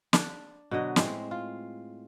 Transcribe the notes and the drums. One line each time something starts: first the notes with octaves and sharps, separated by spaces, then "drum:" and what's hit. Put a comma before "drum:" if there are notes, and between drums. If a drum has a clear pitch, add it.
D4, drum: snare
B2 D3 F#3 D#5
A2 G#3 C4, drum: snare
F4